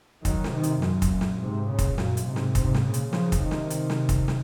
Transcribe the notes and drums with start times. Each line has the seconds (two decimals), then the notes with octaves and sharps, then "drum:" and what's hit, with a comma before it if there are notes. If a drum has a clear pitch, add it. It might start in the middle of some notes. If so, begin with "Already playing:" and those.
0.25 D#3 F#3, drum: kick, hi-hat
0.44 drum: snare
0.53 C3 D#3
0.63 drum: hi-hat
0.82 F#2 A#2, drum: snare
1.02 drum: kick, hi-hat
1.21 drum: snare
1.40 G#2 C3
1.68 A#2 C#3
1.79 drum: kick, hi-hat
1.98 F#2 A#2, drum: snare
2.17 drum: hi-hat
2.27 G#2 C3
2.36 drum: snare
2.55 G#2 C3, drum: kick, hi-hat
2.74 drum: snare
2.84 A#2 C#3
2.94 drum: hi-hat
3.13 C#3 F3, drum: snare
3.32 drum: kick, hi-hat
3.41 C3 D#3
3.51 drum: snare
3.70 drum: hi-hat
3.90 drum: snare
4.09 drum: kick, hi-hat
4.28 drum: snare